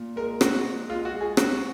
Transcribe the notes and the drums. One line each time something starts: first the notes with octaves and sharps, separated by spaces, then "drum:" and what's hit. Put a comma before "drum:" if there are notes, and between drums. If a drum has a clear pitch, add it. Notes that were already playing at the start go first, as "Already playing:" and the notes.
Already playing: A#2
G#3 A#4
A#2 F#4, drum: rim click
G#3
G#3 F4
F#4
G#3
G#4
G#3 F#4, drum: rim click